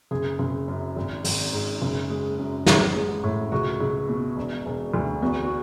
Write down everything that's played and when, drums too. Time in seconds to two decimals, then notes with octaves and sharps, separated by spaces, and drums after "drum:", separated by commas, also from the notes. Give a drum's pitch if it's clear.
0.11 F#1 G#4
0.39 F#1
0.68 F#2
0.96 G#1
1.24 G#1, drum: open hi-hat
1.53 G#2
1.82 F#1
2.10 G#3
2.38 F#2
2.66 A1, drum: snare
2.95 G#3
3.24 A2
3.52 C#2 F#4
3.80 C#2
4.09 B2
4.37 E1
4.66 E1
4.94 D2
5.22 E2 F#4
5.44 F#4